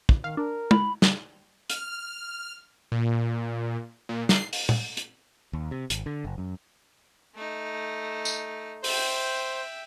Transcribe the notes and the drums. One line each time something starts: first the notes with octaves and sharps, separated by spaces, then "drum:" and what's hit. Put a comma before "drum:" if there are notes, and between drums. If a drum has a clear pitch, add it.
drum: kick
D#3 F5
D4 A#4
B5, drum: tom
drum: snare
F6, drum: hi-hat
A#2
A#2
C7, drum: snare
drum: open hi-hat
drum: tom
drum: hi-hat
D#2
C3
G#1, drum: hi-hat
D3
F#1
F#2
A3 D#4
drum: tambourine
C5 E5 G5, drum: open hi-hat